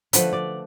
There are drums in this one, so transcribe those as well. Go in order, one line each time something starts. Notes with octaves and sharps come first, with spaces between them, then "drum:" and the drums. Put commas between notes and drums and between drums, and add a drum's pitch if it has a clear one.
D3 F3 A3 B4, drum: hi-hat
D5